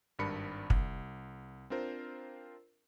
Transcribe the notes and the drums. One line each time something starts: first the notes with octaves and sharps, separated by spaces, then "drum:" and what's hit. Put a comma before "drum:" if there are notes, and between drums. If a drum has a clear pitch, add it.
G#1 G2 D4 A#4 B5 C#7
C2, drum: kick
C4 D4 F4 A#4 C5